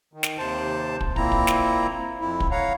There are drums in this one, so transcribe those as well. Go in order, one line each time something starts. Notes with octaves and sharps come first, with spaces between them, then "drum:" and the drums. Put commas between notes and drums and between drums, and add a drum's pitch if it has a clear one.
D#3
drum: snare
D#2 C3 C5 A5
drum: kick
A#2 A#3 C4 E4 A#5, drum: kick
drum: kick
drum: snare
F2 E4
drum: kick
C#5 F5 F#5 A#5